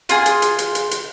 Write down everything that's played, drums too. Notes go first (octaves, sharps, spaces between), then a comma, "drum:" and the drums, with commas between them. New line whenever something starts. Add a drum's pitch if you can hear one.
F4 G#4, drum: hi-hat
drum: hi-hat
drum: hi-hat
drum: hi-hat
drum: hi-hat
drum: hi-hat